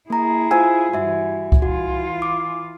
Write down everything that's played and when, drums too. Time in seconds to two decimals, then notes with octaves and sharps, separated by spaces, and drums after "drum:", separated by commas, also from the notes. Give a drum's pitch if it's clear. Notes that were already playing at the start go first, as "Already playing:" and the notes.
0.10 A#3 E4 G#4 A#5
0.51 F4 C5 G#5 E6
0.94 G2 E3 F#4 E5
1.52 drum: kick C2
1.62 E3 F4 F#4
2.22 D6